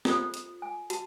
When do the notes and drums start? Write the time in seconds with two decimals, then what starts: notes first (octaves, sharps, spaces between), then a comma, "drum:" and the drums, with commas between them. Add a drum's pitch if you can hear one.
0.05 F4 A4 C5 D#6, drum: snare
0.34 drum: hi-hat
0.62 G#5
0.90 F#4 A5, drum: hi-hat